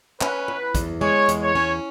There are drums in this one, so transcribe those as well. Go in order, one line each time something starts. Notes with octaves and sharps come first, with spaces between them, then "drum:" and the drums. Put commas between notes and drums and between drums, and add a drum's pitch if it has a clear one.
C#4 B4, drum: clap
E2
E2, drum: kick, hi-hat
G#3 C#5
E2, drum: hi-hat
C#5
C#4